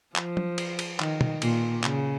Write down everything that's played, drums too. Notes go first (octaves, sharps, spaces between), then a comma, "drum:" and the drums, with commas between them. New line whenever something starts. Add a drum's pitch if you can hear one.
F3, drum: clap
drum: tom
drum: cymbal
drum: cymbal
D#3, drum: clap
drum: tom
A#2, drum: cymbal
C#3, drum: clap